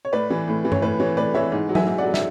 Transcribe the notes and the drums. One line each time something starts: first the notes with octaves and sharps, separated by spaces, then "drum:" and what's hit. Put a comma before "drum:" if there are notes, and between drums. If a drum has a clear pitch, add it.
C#5
A2 B4 D5
E3
A2
E3
C#5, drum: tom G2
A2 B4
E3 C#5
A2 B4 D5
E3 C#5 E5
G#2
F#3
E5 G#5, drum: tom F#3
G#2
D5 F#5
F#3
E5, drum: snare